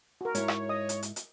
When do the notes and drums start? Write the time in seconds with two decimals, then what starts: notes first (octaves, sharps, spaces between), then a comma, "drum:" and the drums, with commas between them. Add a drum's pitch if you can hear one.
0.21 F#4 A#4
0.35 G#2 E4 C#5, drum: hi-hat
0.48 drum: rim click
0.69 D#5 D#6
0.89 drum: hi-hat
1.03 drum: hi-hat
1.16 drum: hi-hat